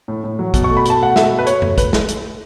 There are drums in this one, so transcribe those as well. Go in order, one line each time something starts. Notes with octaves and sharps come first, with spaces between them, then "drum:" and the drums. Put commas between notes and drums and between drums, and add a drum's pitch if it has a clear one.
A2
A2
F#3
B2, drum: kick, hi-hat
C#6
A3
B5
B2 A5, drum: hi-hat
A3 F#5
B2 E5, drum: snare
A3
B4
B2 C#5, drum: hi-hat
A3, drum: tom F2
A3 B4, drum: kick, hi-hat
drum: snare
drum: hi-hat